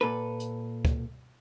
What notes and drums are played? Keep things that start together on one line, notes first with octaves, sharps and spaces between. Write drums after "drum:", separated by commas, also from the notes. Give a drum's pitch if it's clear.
A#2 A4 B4
drum: hi-hat
drum: kick C#2